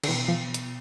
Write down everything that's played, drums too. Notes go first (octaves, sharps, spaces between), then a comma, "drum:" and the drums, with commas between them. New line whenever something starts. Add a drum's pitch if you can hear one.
D3, drum: cymbal
B2 E3 B3
F3
drum: hi-hat